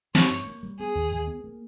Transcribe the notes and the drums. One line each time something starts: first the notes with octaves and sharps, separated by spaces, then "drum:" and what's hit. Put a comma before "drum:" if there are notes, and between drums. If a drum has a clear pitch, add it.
C#4 C#5, drum: snare
G2
A#3
G3
B3 G#4
D#2
D#2
B3
A#3